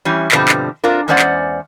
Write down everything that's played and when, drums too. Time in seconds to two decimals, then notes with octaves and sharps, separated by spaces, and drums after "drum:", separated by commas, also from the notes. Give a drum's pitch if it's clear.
0.05 E3 G3 C#4
0.32 G2 B2 D3 F3 G3 C4, drum: clap
0.48 drum: clap
0.84 C4 D4 F4 A#4
1.08 E2 G#3 C#4 C5 D5 F#5
1.19 drum: clap